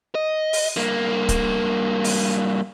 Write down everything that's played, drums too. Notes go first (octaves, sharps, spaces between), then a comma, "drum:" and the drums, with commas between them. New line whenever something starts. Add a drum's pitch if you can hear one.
D#5
drum: open hi-hat
G2 A#3
drum: kick C#1, hi-hat
drum: open hi-hat